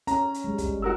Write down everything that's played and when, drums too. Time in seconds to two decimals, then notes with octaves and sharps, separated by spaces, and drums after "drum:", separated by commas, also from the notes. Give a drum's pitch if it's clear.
0.07 C#4 A#5, drum: hi-hat
0.34 drum: hi-hat
0.44 G3 G#3
0.58 drum: kick, hi-hat
0.82 F#4 A#4 E6